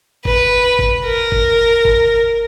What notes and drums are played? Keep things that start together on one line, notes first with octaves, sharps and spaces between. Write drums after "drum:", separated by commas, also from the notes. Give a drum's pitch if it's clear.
B4, drum: kick G1
drum: kick G1
A#4
drum: kick G1
drum: kick G1